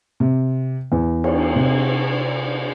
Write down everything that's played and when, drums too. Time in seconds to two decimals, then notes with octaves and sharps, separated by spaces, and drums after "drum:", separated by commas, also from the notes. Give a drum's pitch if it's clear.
0.20 C3
0.92 E2
1.24 drum: cymbal
1.56 C3